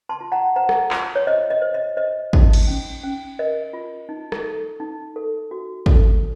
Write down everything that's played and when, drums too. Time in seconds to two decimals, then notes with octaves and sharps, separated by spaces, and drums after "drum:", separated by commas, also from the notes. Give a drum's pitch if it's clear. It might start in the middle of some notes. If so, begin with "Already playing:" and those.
0.09 A5 C6
0.21 F4
0.32 F#5 A#5
0.56 C5 F#5 A#5
0.69 drum: rim click
0.91 F4, drum: clap
1.16 C#5
1.27 C5 D#5
1.50 D#5
1.62 C5
1.74 D#5
1.97 C5 D#5
2.33 D#4, drum: kick
2.53 drum: cymbal
2.67 C#4
3.04 C#4
3.39 A#4 D#5
3.73 F4
4.09 D#4
4.32 drum: rim click
4.44 A4
4.80 D#4
5.16 A4
5.51 F#4
5.86 A4, drum: kick